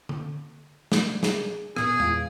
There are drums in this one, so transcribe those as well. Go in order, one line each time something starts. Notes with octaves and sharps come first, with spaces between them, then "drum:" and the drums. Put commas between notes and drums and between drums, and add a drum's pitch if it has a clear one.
drum: tom D3
F3 A3, drum: snare
G#4, drum: snare
A#2 B3 G#4, drum: rim click
E2 F5 D7, drum: tom G#3